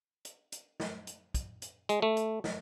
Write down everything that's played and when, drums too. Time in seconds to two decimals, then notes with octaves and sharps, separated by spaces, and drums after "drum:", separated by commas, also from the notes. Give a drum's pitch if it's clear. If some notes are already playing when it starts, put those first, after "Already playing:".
0.25 drum: hi-hat
0.52 drum: hi-hat
0.80 drum: snare
1.07 drum: hi-hat
1.34 drum: kick, hi-hat
1.62 drum: hi-hat
1.89 G#3, drum: hi-hat
2.02 A3
2.17 drum: hi-hat
2.44 drum: snare